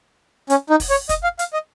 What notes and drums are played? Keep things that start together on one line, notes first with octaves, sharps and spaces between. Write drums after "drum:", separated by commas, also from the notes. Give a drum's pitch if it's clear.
C#4, drum: hi-hat
D#4
drum: kick, open hi-hat
C#5
D#5, drum: kick, hi-hat
F5
F5, drum: hi-hat
D#5